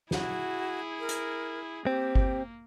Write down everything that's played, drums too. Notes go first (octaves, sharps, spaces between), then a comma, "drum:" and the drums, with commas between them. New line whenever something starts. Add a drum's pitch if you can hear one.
E4 F#4 G#4, drum: snare
A#4
drum: hi-hat
A#3 C4 G4
drum: kick G1